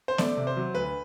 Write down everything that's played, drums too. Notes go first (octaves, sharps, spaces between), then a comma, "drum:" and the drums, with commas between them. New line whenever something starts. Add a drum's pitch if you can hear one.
C5
A3 D5, drum: snare B3
C3
C5
F#3
D2 B4